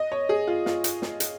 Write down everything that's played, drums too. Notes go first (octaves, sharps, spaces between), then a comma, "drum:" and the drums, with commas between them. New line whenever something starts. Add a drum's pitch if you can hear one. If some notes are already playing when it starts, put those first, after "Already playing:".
Already playing: D#5
C#5
G#4
F4
F4, drum: snare
drum: hi-hat
drum: snare
drum: hi-hat